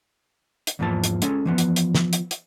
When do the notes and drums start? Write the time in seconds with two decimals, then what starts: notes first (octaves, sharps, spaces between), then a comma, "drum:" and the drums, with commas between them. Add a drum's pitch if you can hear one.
0.67 drum: hi-hat
0.79 E2 G#2 E3 F3 A#3 A5
1.04 drum: hi-hat
1.22 G#3 C#4 A4, drum: hi-hat
1.46 E3 F3 B3
1.58 drum: hi-hat
1.76 drum: hi-hat
1.95 drum: snare
2.13 drum: hi-hat
2.31 drum: hi-hat